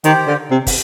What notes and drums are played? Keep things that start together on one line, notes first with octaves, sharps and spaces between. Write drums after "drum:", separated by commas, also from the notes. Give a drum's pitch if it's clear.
D#3 G4 C5 G5, drum: hi-hat
D3
C3
drum: kick, open hi-hat